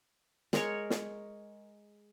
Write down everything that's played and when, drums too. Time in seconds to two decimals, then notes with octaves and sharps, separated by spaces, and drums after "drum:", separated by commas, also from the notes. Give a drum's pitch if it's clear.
0.53 G#3 A#4 C#5, drum: snare
0.90 drum: snare